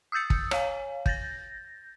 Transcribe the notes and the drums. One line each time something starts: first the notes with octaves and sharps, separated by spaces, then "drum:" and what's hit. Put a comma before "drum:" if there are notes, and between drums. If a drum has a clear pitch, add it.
D#6 E6 G6 A6 C#7
drum: kick
C#5 F5 G#5, drum: rim click
G6 A6 A#6, drum: kick